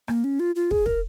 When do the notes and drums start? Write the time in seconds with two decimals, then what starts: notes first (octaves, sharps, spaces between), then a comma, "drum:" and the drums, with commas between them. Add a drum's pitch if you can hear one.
0.08 A#3, drum: rim click
0.24 C#4
0.40 F4
0.55 F4
0.71 G#4, drum: kick
0.86 A#4, drum: kick